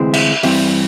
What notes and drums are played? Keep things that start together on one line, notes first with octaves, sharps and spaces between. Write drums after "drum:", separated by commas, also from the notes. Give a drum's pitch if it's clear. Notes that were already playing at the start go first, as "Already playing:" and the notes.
Already playing: D2 C3 E3 G#3 C4
E5, drum: cymbal
G2 E3 G3 C4 E5, drum: open hi-hat